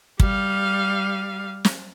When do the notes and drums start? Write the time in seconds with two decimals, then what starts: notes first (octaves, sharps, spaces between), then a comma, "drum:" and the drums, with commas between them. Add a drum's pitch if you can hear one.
0.20 G3 F5, drum: kick
1.65 drum: snare